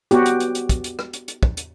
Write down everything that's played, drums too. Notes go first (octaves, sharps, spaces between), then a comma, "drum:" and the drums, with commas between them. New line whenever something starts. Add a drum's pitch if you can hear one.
B3 F#4 G4, drum: hi-hat
drum: hi-hat
drum: hi-hat
drum: hi-hat
drum: kick, hi-hat
drum: hi-hat
drum: rim click
drum: hi-hat
drum: hi-hat
drum: kick
drum: hi-hat